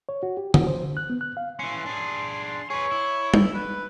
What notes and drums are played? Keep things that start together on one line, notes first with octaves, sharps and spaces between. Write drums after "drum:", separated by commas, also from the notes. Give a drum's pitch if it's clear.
C#5
F#4
G4
F#4, drum: tom D3
C5
D3
F#6
B3
F#6
F5
E3 C#4 C6
D4 G#4
G#4 B4 C#5
E4
drum: tom G3
B4